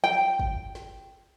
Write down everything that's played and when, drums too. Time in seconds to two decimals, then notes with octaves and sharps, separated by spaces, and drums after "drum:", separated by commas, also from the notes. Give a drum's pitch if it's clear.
0.04 G5
0.39 drum: kick
0.75 drum: snare